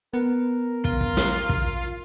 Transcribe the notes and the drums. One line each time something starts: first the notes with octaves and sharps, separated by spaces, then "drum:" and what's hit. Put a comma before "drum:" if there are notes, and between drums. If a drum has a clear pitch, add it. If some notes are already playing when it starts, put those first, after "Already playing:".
B3 A#4
F4, drum: kick
drum: kick
drum: snare
drum: kick